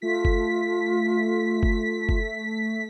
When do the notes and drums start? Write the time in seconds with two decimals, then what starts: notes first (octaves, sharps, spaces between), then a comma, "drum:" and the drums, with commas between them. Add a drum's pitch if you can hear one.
0.02 A3 F4 B6
0.25 drum: kick F#1
1.63 drum: kick F#1
2.09 drum: kick F#1